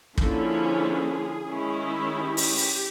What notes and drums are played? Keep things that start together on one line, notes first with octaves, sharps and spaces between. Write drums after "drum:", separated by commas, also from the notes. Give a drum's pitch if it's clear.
D3 F3 A#3 C#4 E4 A4, drum: kick
G#4
D#3 G#3 C#4 E4
G4
drum: open hi-hat
drum: open hi-hat